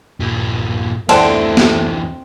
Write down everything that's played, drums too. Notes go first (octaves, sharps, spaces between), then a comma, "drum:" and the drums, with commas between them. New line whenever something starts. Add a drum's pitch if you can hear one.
G2 A#2
D2 D3 E3 A3 C4 A5, drum: cymbal
drum: snare